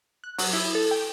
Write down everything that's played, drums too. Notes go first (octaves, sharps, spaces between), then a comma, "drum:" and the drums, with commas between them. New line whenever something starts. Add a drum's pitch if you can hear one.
F#6
F#3, drum: open hi-hat
E4
A4
G5